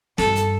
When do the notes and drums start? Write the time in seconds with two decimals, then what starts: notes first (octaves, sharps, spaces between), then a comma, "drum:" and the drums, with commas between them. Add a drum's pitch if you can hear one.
0.18 G2 A4, drum: snare
0.35 drum: hi-hat